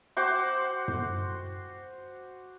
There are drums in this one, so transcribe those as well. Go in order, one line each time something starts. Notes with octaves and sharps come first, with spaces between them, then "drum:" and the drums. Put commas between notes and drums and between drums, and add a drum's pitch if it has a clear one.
F#4 C5 G5 D6
drum: tom